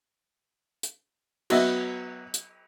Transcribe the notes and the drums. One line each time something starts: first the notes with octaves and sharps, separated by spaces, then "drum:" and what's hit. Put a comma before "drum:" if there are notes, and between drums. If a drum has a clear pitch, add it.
drum: hi-hat
F#3 B3 F#4 D#5 E5, drum: cymbal
drum: hi-hat